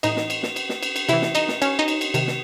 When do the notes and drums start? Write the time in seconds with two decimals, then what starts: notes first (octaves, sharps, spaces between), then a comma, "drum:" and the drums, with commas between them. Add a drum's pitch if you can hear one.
0.03 A2 E3 D#4 D#5, drum: cymbal
0.17 drum: snare
0.30 drum: cymbal
0.43 drum: snare
0.56 drum: cymbal
0.69 drum: snare
0.83 drum: cymbal
0.96 drum: cymbal
1.09 C3 E3 E4 E5, drum: cymbal
1.22 drum: snare
1.35 D#4 D#5, drum: cymbal
1.48 drum: snare
1.62 C#4 C#5, drum: cymbal
1.79 D#4 D#5
1.88 drum: cymbal
2.01 drum: cymbal
2.14 C3 D#3, drum: cymbal
2.27 drum: snare